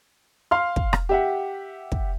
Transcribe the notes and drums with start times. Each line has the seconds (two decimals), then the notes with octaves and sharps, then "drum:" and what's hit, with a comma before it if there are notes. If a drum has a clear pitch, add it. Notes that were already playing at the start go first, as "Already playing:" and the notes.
0.51 F5 C6 F6
0.76 drum: kick
0.93 drum: rim click
1.09 G4 E5 F#5
1.92 drum: kick